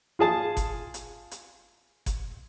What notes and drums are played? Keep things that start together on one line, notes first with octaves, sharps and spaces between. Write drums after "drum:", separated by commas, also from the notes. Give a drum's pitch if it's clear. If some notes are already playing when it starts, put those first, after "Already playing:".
F4 G#4 A5
drum: kick F#1, hi-hat
drum: hi-hat
drum: hi-hat
drum: kick F#1, hi-hat